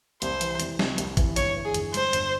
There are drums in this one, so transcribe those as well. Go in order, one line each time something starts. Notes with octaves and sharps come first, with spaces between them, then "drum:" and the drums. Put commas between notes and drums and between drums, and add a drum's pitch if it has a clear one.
C2 C5, drum: hi-hat
E3, drum: hi-hat
C2, drum: hi-hat
C3, drum: snare
C2, drum: hi-hat
E3, drum: kick G#1, hi-hat
G1 C#5, drum: hi-hat
E3
G#4
G1, drum: hi-hat
G2 C5, drum: hi-hat
G1, drum: hi-hat